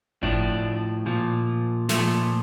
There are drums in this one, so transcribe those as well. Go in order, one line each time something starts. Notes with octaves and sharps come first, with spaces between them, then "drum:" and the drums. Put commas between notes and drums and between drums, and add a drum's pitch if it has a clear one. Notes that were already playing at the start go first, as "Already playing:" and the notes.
A2 F3 D4, drum: kick G1
A#2 F3
A#2 F3 A3, drum: snare